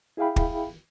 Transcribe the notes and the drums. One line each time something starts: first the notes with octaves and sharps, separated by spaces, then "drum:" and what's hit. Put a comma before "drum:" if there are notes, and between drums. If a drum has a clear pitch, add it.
E4 G#4 E5 F5 G5 B5
drum: kick